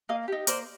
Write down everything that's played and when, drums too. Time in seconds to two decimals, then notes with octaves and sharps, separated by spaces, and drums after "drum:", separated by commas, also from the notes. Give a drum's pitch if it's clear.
0.09 A#3 D#5 F5
0.28 D#4 G4
0.47 A#3 C5 D5, drum: hi-hat